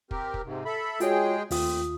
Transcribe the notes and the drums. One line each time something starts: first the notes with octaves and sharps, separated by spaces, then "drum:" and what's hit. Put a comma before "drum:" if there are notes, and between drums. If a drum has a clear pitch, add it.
C4 G4 A#4, drum: kick
drum: kick
G#2 C3
A4 E5 B5
G#3 F4 F#4 G#4 C#5 G5, drum: hi-hat
D#2 A3 C4 F4 D#6, drum: open hi-hat